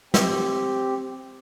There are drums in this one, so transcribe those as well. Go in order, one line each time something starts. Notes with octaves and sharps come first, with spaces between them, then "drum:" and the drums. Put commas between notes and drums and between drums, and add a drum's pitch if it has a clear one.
C4 G4, drum: snare